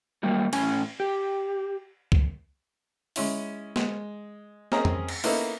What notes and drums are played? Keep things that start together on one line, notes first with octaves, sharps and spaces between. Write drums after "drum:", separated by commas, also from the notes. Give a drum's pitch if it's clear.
F#3 G3 A#3
A2 C#4 G#5, drum: cymbal
G4
drum: kick
G#3 C#4 E4, drum: open hi-hat
G#3, drum: snare
C4 C#4 G#4 A#4 D#5 A#5, drum: snare
drum: tom F2
drum: cymbal
A#3 B3 C#4 D#4 E4 A4, drum: open hi-hat